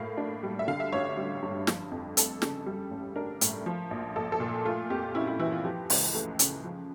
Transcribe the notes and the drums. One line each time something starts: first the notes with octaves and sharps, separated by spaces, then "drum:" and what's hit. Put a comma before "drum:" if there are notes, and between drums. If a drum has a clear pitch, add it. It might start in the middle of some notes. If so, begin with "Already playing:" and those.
Already playing: A2 A#3 F5
D4
G3
E5
D3 F5
E5
A1 C#5
G3
G2
F3, drum: snare
F2
A3 A4, drum: hi-hat
C#3, drum: snare
G3
A1
D4 A#4
A2, drum: hi-hat
F3
A#1
A#1 A4
A4
A#2
A3 F4
F2 G4
C#4 E4
E4
E3 E4
F4
F3 G4
C#2, drum: open hi-hat
A3
C#3, drum: hi-hat
F3